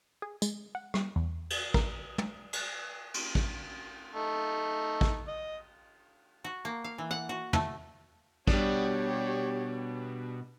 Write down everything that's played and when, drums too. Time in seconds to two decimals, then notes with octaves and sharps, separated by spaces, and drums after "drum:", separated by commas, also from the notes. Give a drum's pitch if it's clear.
0.22 G#4
0.42 G#3, drum: tambourine
0.75 F#5
0.94 G3, drum: rim click
1.16 E2
1.50 drum: cymbal
1.74 A#4, drum: kick A1
2.18 drum: tom
2.53 drum: cymbal
3.14 drum: cymbal
3.35 drum: kick A1
4.15 A3 D#4
5.01 drum: kick A1
5.28 D#5
6.44 F#4
6.65 A#3
6.84 F5
6.98 E3
7.11 F#5
7.29 F#4
7.53 A3, drum: tom
8.48 B2 G3 D4 G4 C#5, drum: kick A1